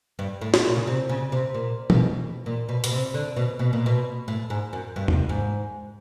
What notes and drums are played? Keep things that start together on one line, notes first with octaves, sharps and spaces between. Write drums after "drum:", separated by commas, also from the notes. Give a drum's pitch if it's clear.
G2
A2
drum: snare
A#2
C#3
C3
C#3
C3
A#2
B2, drum: tom
A#2
B2
B2, drum: hi-hat
C3
D3
B2
B2
A#2
B2
A2
G#2
F#2
G2
drum: tom E2
G#2